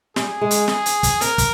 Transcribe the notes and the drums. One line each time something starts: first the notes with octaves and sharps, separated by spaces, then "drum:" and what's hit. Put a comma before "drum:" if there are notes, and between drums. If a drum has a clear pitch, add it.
G3 G#4, drum: snare
G#3
drum: hi-hat
G#4, drum: snare
drum: hi-hat
drum: kick, hi-hat
C4 A#4, drum: hi-hat
drum: kick, hi-hat